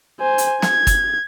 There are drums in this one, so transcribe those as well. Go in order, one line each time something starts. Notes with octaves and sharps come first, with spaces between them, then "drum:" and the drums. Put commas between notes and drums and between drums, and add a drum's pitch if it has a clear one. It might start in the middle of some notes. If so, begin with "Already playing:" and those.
C5 G#5
drum: hi-hat
G#6, drum: snare
drum: kick, hi-hat